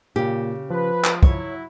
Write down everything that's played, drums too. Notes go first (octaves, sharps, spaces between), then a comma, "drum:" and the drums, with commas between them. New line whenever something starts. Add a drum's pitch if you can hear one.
A#2 C#3 G4
F3 B4
drum: clap
F#3 E4 C#5, drum: kick